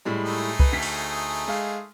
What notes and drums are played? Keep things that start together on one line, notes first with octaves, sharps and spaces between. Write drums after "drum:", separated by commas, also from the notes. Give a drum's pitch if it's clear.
A2 G3 G#3
A3 D#4 G#4
B4, drum: kick C2
D2 B6
drum: open hi-hat
G#3 F5